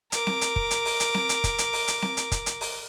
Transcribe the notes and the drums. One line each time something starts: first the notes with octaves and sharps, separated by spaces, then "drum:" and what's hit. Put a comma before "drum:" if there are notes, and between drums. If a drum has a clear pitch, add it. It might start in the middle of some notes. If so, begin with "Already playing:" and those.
A#4 D6, drum: hi-hat
drum: snare C4
drum: hi-hat
drum: kick
drum: hi-hat
drum: open hi-hat
drum: hi-hat
drum: snare C4
drum: hi-hat
drum: kick, hi-hat
drum: hi-hat
drum: open hi-hat
drum: hi-hat
drum: snare C4
drum: hi-hat
drum: kick, hi-hat
drum: hi-hat
drum: open hi-hat